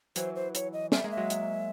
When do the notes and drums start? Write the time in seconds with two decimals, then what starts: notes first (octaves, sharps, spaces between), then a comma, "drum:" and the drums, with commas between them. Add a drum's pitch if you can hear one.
0.16 E3 F#3 C5, drum: hi-hat
0.36 C5
0.55 C#5, drum: hi-hat
0.73 D#5
0.92 G3 A3 E5, drum: snare
1.04 G#3 A#3
1.11 E5
1.17 F#3 G#3
1.30 drum: hi-hat